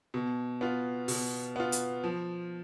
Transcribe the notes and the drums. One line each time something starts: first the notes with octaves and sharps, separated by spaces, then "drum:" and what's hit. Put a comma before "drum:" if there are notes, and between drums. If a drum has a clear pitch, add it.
B2
B3 F4
B2, drum: open hi-hat
B3 F4
drum: hi-hat
F3